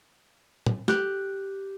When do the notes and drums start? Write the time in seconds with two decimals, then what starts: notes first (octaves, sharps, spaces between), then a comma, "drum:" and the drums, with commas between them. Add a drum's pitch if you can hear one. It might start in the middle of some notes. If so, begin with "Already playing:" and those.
0.66 drum: tom A2
0.88 G4 F#6, drum: snare